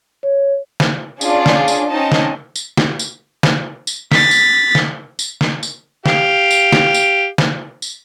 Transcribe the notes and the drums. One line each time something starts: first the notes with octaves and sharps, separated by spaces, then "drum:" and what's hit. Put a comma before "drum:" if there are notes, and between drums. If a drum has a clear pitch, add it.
C#5
drum: snare
C#4 D4 F4 G#4 D5, drum: tambourine
drum: snare
drum: tambourine
C4 C#4 D#4 D#5 A5
drum: snare
drum: tambourine
drum: snare
drum: tambourine
drum: snare
drum: tambourine
A6 B6, drum: snare
drum: tambourine
drum: snare
drum: tambourine
drum: snare
drum: tambourine
G4 F5, drum: snare
drum: tambourine
drum: snare
drum: tambourine
drum: snare
drum: tambourine